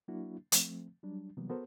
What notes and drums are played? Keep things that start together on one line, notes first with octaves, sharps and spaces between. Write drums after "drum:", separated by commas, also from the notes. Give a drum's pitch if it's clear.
F#3 A#3 D4 E4 F#4
F3 A3 C4, drum: hi-hat
F#3 G3 D4
C3 E3 F#3 G3 A#3 B3
B3 F#4 A4 A#4 C5